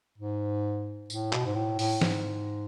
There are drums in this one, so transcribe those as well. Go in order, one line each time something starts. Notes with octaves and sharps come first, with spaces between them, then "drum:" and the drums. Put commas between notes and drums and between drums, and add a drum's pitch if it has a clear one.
G#2
A2, drum: tambourine
B2, drum: clap
G#2
A2
A2, drum: open hi-hat
G#2, drum: snare